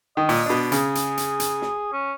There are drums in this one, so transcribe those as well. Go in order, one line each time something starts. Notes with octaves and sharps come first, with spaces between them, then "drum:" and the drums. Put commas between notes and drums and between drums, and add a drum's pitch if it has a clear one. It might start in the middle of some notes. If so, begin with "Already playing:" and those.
D#3 D#5
A#2, drum: open hi-hat
B2 D4
C#3 G#4, drum: hi-hat
drum: hi-hat
drum: hi-hat
drum: hi-hat
drum: snare
C#4